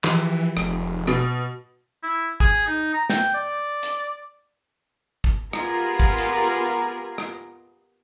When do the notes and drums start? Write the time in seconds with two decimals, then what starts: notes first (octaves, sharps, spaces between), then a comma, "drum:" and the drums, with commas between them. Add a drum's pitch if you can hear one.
0.04 E3 F3 G4 G#4, drum: clap
0.57 F1, drum: rim click
1.07 B2, drum: rim click
2.03 E4
2.40 G#4, drum: kick
2.67 D#4
2.94 A#5
3.10 G5, drum: snare
3.34 D5
3.83 drum: hi-hat
5.24 drum: kick
5.53 B3 F4 G4 G#4 A#4 A#5, drum: rim click
6.00 drum: kick
6.18 drum: hi-hat
7.18 drum: rim click